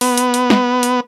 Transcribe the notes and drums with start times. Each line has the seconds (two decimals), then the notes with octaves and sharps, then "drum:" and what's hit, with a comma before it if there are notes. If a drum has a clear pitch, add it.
0.01 B3, drum: open hi-hat
0.18 drum: hi-hat
0.34 drum: hi-hat
0.50 drum: snare
0.83 drum: hi-hat